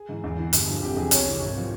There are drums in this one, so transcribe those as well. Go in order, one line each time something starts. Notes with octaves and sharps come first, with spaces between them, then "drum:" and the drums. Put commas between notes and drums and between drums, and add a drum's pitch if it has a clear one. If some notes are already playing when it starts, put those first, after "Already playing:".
Already playing: G#4
G#2 E3
E2
E3
G1, drum: hi-hat
G2 F3
F1 G4
E2 C3 F3 G#4
C2 C#5, drum: hi-hat
C3 E3
G#1
F3